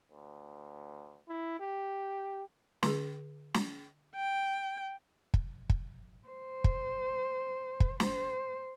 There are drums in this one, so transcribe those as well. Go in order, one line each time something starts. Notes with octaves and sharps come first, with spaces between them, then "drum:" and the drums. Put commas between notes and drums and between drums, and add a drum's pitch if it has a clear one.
D2
E4
G4
D3 G#4, drum: snare
drum: snare
G5
drum: kick
drum: kick
C5
drum: kick
drum: kick
C5, drum: snare